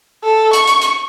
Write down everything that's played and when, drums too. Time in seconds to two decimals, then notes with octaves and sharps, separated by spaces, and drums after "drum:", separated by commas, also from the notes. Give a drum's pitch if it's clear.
0.24 A4
0.53 C#6, drum: hi-hat
0.67 drum: hi-hat
0.82 drum: hi-hat